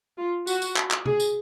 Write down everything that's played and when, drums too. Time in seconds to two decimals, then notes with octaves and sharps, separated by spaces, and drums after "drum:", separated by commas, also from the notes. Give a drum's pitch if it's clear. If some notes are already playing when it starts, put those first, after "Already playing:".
0.19 F4
0.47 F#4, drum: tambourine
0.62 drum: tambourine
0.76 drum: clap
0.91 drum: clap
1.05 G#4, drum: tom
1.20 drum: tambourine